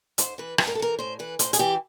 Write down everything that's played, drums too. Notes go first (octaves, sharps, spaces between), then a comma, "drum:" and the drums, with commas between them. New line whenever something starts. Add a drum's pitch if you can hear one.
G#2 C5, drum: hi-hat
E3 B4
G#2 B4, drum: rim click
A#4
A4
E3 A#4
A2 C5
E3 B4
A2 C5, drum: hi-hat
G#4, drum: hi-hat
E3 G4